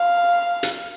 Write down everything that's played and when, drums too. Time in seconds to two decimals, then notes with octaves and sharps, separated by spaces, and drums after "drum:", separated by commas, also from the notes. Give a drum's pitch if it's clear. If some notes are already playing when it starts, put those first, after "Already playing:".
Already playing: F5
0.63 drum: hi-hat